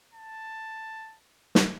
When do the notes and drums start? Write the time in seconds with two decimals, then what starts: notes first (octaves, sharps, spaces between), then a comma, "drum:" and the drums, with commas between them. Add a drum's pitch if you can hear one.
0.14 A5
1.55 drum: snare